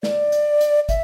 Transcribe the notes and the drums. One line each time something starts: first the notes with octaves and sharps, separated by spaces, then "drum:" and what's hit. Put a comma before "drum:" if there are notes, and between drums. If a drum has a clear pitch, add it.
D5, drum: snare
drum: hi-hat
drum: hi-hat
E5, drum: kick, hi-hat